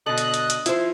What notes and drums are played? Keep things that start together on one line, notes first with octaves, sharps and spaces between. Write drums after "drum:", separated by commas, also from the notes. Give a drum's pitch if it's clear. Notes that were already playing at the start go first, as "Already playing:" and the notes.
B2 D3 A4 D#5 F#6
drum: hi-hat
drum: hi-hat
drum: hi-hat
F3 E4 C5, drum: hi-hat